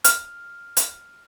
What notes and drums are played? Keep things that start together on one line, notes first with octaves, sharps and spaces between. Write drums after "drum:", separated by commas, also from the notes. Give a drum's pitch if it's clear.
F6, drum: hi-hat
drum: hi-hat